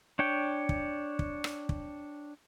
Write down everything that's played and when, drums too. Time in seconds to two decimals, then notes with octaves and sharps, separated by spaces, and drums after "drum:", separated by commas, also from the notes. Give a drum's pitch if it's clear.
0.19 D4 C#5 G5
0.69 drum: kick
1.19 drum: kick
1.44 drum: rim click
1.69 drum: kick